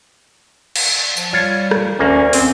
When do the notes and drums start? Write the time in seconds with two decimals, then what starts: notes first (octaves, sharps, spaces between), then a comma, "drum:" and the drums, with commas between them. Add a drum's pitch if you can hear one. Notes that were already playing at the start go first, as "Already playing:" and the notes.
0.76 drum: cymbal
1.17 F3, drum: tambourine
1.33 G3 F4 C#5
1.71 drum: rim click
1.99 D2 A#3 C#4
2.33 C4, drum: open hi-hat